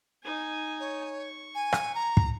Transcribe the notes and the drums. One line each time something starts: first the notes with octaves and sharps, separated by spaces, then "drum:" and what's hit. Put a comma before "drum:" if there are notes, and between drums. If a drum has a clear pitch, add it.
D#4 G#5
C#5
C#6
G#5
drum: rim click
A#5
drum: kick